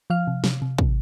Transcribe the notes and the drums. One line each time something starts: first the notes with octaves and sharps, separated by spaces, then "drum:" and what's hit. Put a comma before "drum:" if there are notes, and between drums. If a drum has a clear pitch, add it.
F3 F5 F6
C3
C3, drum: snare
C3
C3, drum: kick